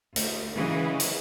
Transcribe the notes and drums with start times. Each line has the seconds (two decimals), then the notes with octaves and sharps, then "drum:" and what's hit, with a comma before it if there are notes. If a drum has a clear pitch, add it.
0.16 D2, drum: hi-hat
0.54 C#3 E3 F#3 G#3
1.00 drum: hi-hat